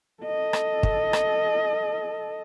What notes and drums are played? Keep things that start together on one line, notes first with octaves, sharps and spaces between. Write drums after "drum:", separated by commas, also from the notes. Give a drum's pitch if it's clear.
A4 D#5
drum: rim click
drum: kick
drum: rim click